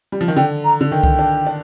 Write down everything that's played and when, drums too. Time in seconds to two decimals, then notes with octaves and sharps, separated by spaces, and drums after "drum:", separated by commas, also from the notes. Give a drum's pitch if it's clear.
0.12 G3
0.21 F3
0.28 D#3
0.36 D3 G5
0.64 A#5
0.81 D3
0.91 D#3 G5
1.03 drum: kick C2
1.19 D4
1.46 D4